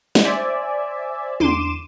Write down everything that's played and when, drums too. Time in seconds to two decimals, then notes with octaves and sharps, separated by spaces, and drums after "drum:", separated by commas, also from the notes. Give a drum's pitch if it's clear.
0.15 drum: snare
0.25 C5 D5 E5 G#5
1.40 E2 D3 C6 D6 D#7 E7, drum: tom